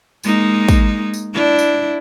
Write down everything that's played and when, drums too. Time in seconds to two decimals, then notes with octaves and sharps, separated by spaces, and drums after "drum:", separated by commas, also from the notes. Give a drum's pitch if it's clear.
0.23 G#3 A#3 D#4, drum: tambourine
0.69 drum: kick, tambourine
1.14 drum: tambourine
1.34 D4 E4
1.59 drum: tambourine